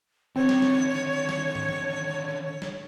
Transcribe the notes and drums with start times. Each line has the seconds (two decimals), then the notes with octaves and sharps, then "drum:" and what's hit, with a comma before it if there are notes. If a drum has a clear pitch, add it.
0.36 D3 D#3 C4 C#5
0.49 drum: snare
0.62 drum: snare
1.29 drum: snare
1.55 drum: tom
1.69 drum: tom D#3
2.62 drum: snare